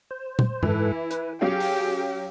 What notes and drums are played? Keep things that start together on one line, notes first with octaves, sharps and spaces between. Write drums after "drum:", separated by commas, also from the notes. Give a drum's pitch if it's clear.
C5
drum: tom A#2
G#2 E3 E4 A4 B4, drum: tom F#2
B4, drum: hi-hat
F#3 C#4 G4 G#4 F5 G5
drum: open hi-hat